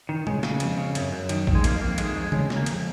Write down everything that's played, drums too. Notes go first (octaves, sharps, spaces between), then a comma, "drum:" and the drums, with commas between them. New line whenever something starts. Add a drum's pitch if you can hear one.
D#3
C#3 G#3, drum: tom
C#3, drum: snare
F2, drum: cymbal
C#3
F#2, drum: cymbal
F#2
D#3, drum: cymbal
D#3, drum: kick
G#3
F2 A#3, drum: cymbal
F2 A#3
D#3 G#3, drum: cymbal
F2 G#3
C#3 G#3, drum: tom D3
C#3, drum: snare
A#3
F2, drum: cymbal